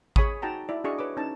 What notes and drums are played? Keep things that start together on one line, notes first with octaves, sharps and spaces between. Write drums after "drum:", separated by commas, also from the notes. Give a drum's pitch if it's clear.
G#4 C#5 G#5 B5 C#6 D#6, drum: kick G#1
D#4 F#4 G5 A5 A#5
E4 D5
D4 F#4 G#4 D5 D#5 C#6
B4 C#5 D6
C#4 D#4 A5